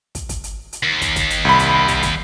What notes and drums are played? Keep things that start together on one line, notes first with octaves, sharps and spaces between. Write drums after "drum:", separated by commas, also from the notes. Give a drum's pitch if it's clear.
drum: kick, hi-hat
drum: kick, hi-hat
drum: hi-hat
drum: hi-hat
D#2
drum: kick, hi-hat
drum: kick, hi-hat
drum: hi-hat
C2 B5
drum: hi-hat
drum: kick, hi-hat
drum: kick, hi-hat